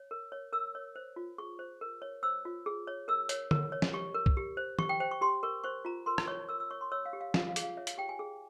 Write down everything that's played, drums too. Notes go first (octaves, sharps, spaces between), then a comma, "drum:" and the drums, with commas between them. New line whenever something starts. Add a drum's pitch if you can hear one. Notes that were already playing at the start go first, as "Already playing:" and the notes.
Already playing: C#5
A#4
C#5
A#4 E6
C#5
C5
F4
G#4 C#6
C5
A#4
C#5
C5 E6
F4
G#4
C#5
A#4 E6
C#5, drum: hi-hat
A#4, drum: tom D3
C#5
drum: snare
G4 C#6
A#4
drum: kick
G4
C5
G4 C#6, drum: tom
G5
C5 G5
C#6
G4 C6
A#4 C#6
C5 C#6
F4 A#5
A#4 C6
drum: rim click
C#5 C#6
A#4 E6
E6
C#5 C#6
C6
C#5 E6
F5
G4
F5
F4 F5, drum: snare
F5
G#4, drum: hi-hat
F5
C#5 E5
F5, drum: hi-hat
G4 G5
G#5
G#4